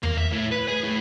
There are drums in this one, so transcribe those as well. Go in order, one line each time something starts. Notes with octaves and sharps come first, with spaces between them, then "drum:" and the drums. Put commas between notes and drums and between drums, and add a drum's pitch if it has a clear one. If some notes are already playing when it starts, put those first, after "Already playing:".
A#3 A#4, drum: tom E2
E5
A2
B4
G#4
A3 E4